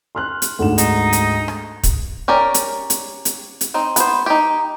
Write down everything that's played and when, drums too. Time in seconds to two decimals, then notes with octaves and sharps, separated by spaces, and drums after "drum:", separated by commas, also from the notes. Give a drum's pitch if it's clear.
0.15 C6 F6 F#6
0.42 drum: hi-hat
0.59 D2 G#2 E7
0.78 D#4, drum: hi-hat
1.13 drum: hi-hat
1.48 drum: rim click
1.83 drum: kick, hi-hat
2.28 C#4 G4 A#4 D5
2.54 drum: hi-hat
2.90 drum: hi-hat
3.25 drum: hi-hat
3.61 drum: hi-hat
3.74 C4 D#4
3.96 B3 C5, drum: hi-hat
4.26 D#4 G4